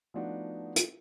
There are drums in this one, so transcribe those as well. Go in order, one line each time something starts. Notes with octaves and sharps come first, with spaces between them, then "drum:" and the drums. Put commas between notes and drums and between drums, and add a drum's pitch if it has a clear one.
F3 A3 B3 D4 D#4 F#4
drum: hi-hat